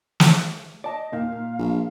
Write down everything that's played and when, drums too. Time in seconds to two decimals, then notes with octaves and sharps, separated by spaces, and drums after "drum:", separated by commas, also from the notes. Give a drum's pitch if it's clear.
0.20 drum: snare
0.84 D5 D#5 A5
1.12 D#2 A#2 D#3 F5
1.32 A#2
1.59 A#1